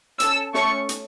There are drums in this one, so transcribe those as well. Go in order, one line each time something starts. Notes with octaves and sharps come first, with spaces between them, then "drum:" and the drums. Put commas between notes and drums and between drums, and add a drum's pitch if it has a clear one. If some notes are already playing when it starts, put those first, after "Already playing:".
C#4 A4 E6, drum: hi-hat
A3 C#4 A4 C#6, drum: snare
drum: hi-hat